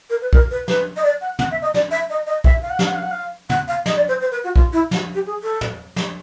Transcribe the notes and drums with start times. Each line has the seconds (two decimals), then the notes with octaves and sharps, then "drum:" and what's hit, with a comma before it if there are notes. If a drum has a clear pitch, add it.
0.10 A#4
0.21 B4
0.33 A#4, drum: kick B1
0.51 B4
0.68 B4, drum: snare
0.96 D#5
1.04 D5
1.21 F#5
1.39 F#5, drum: tom
1.51 E5
1.62 D#5
1.74 D5, drum: snare
1.91 E5
2.10 D#5
2.27 D#5
2.44 E5, drum: kick B1
2.62 F5
2.70 F#5
2.79 F5, drum: snare
2.87 F#5
2.96 F5
3.03 F#5
3.11 F5
3.50 F#5, drum: tom
3.68 F5
3.86 D#5, drum: snare
3.96 D5
4.08 C5
4.21 C5
4.32 B4
4.44 F#4
4.56 F4, drum: kick B1
4.73 E4
4.91 F#4, drum: snare
5.14 G4
5.26 G#4
5.43 A4
5.61 drum: tom
5.96 drum: snare